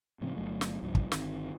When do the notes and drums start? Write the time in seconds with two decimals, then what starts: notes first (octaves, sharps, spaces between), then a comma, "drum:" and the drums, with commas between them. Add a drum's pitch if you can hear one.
0.21 A2 C#3 F3 C4
0.36 G1 F#2 F#3 A3
0.61 drum: snare
0.82 C2 G2 F3
0.95 drum: kick
1.12 G1 D#3 C4, drum: snare